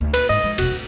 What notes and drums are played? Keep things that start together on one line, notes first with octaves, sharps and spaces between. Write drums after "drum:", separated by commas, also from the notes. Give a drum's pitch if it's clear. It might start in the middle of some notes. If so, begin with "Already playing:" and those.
D2
A#2 B4, drum: cymbal
G#2 D#5
F3 G#3
E1 B1 F#4, drum: cymbal
D1